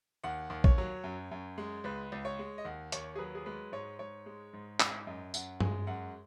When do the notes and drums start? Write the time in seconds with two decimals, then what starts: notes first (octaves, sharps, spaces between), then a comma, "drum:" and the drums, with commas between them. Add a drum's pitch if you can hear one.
0.24 D#2 F#5
0.50 D#2
0.64 C#5, drum: kick
0.78 F#3
1.04 F#2
1.31 F#2
1.58 G#3
1.84 C#2 B4
2.12 C#2
2.25 C#5
2.39 G#3
2.58 D#5
2.65 D#2 F#5
2.92 D#2 C#5, drum: hi-hat
3.16 G#4
3.19 F#3 B4
3.35 G#4
3.46 G#3 B4
3.72 G#2 C#5
3.99 G#2 C#5
4.26 G#3
4.53 G#2
4.80 G#2, drum: clap
5.07 F#2 D#5
5.34 F#2 F#5, drum: tambourine
5.60 G#3 G#5, drum: tom G2
5.87 F#2 F#5